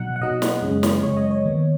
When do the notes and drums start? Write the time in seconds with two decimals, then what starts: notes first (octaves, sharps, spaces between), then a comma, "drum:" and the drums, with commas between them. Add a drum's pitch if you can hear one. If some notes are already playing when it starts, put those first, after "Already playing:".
Already playing: B2 F#3 D#4 F#5
0.16 F#5
0.21 B2 F#3 D#4 D#5
0.42 drum: snare
0.62 F#2 C#3 G#3 C#4
0.83 drum: snare
1.03 F#2 C#3 G#3 C#4 C#5
1.17 D#5
1.31 C#5
1.45 D#2 D#3 B3